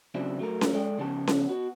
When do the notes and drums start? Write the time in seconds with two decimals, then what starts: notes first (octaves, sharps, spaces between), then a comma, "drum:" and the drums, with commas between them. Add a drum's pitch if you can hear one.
0.15 C#3 F#3 C4 D4 E4
0.39 F#3 A3 A#4
0.61 drum: snare C#4
0.73 G#3 A4 D5 D#5 G5
0.98 C#3 F3 B3 C#4 G4 A5
1.27 drum: snare C#4
1.48 B3 F#4